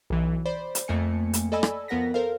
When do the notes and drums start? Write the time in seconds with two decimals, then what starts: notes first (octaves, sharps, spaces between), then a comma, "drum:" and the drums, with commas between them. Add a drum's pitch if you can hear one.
0.10 B1 E3
0.46 C5 D5 B5
0.75 drum: hi-hat
0.88 F2 A3 A#3 G#5 C#7
1.33 drum: hi-hat
1.52 A4 D5 D#5 G#5 B5 E6
1.63 drum: rim click
1.88 F2 B3 A#4 F#5 A#6 B6
2.14 A4 A#4 C5 F5